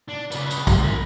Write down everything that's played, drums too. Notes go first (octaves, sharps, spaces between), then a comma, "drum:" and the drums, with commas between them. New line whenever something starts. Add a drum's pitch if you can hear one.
D4
C#3 B4, drum: tambourine
drum: tambourine
G#2 D#3, drum: kick, tambourine
A#4 B5